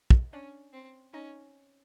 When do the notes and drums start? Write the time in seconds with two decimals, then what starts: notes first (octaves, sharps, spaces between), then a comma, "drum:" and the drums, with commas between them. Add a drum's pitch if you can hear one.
0.11 drum: kick
0.33 C#4 D4 D5
0.73 C4
1.13 C#4 D#4 D#5